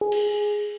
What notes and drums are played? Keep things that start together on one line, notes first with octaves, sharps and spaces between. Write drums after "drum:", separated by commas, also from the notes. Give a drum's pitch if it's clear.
G#4
drum: cymbal